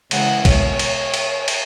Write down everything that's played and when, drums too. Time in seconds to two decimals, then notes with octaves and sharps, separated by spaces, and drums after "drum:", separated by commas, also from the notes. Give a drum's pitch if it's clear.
0.11 C#3 E3 G#3 F#5, drum: cymbal
0.45 B2 G#3 C#5, drum: kick A#1, cymbal
0.79 drum: cymbal
1.14 drum: cymbal
1.48 drum: cymbal